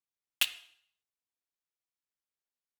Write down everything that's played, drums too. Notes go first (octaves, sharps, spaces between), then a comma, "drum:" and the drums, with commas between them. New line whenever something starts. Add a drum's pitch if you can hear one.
A#5 C#6 E6
drum: snare
G2 C#4
D4 F5 A5